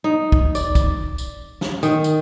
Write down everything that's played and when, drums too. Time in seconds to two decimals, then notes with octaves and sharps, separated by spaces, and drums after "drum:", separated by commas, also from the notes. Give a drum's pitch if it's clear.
0.04 D#4
0.32 drum: kick
0.55 D5, drum: tambourine
0.75 drum: kick, tambourine
1.18 drum: tambourine
1.61 drum: snare
1.83 D#3, drum: tambourine
2.04 drum: tambourine